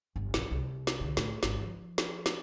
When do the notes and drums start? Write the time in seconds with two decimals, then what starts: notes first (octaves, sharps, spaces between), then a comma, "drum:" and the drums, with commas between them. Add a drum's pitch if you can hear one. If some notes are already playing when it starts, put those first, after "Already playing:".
0.16 G1
0.34 A#1, drum: snare
0.51 C2
0.87 drum: snare
1.01 D3
1.17 A2, drum: snare
1.43 G#1, drum: snare
1.61 F3
1.98 drum: snare
2.26 drum: snare